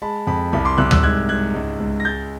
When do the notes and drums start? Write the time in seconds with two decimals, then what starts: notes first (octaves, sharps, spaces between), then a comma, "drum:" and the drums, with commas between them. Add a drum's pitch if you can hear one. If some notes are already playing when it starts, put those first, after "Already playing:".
0.02 G#3 A5 B5
0.27 F2 A5 B5
0.52 C2 A5 B5
0.65 C6 D6
0.78 C2 E6 F#6
0.91 E6 F#6, drum: tom D2
1.03 G#2 F#6 G#6
1.29 G#2 F#6 G#6
1.54 C#2
1.80 C#2
2.00 A#6
2.05 G#3 G6 A6